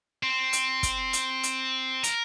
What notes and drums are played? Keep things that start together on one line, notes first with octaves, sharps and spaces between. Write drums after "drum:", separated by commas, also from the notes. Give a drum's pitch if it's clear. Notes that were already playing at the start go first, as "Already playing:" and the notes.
C4
drum: hi-hat
drum: kick, hi-hat
drum: hi-hat
drum: hi-hat
A#4, drum: hi-hat